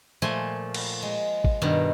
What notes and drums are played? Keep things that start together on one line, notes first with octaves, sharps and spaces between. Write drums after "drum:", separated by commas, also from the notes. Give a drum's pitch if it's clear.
A#2 F3 A3 G#5 C6
drum: cymbal
G#3
drum: kick G#1
G2 B2 D#3